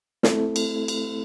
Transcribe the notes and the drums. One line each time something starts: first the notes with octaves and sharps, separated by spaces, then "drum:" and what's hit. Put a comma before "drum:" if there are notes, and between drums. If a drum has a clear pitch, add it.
A3 C4 E4 A4, drum: snare
drum: cymbal
drum: cymbal